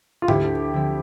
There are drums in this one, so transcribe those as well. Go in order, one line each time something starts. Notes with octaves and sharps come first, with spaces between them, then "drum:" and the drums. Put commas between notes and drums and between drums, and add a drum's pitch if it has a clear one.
F4
D2 E4 G4, drum: tom G#2
D3 F3 C4 E4